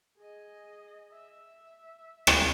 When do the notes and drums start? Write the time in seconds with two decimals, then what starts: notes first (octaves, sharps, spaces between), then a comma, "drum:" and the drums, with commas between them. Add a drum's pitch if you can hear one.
0.18 G#4 D#5
1.13 E5
2.27 drum: rim click